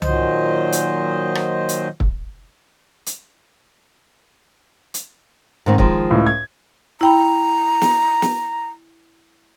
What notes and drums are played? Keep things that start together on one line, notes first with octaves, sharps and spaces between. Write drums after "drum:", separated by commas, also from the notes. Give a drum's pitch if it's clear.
A#2 D#3 F#3 C5 D#5, drum: tom C2
drum: hi-hat
drum: rim click
drum: hi-hat
drum: kick
drum: hi-hat
drum: hi-hat
G#2 D#3 C4
D#3 F3 G#3, drum: kick
C#2 A2
G#6
E4 G5 A#5 B5
drum: snare
drum: snare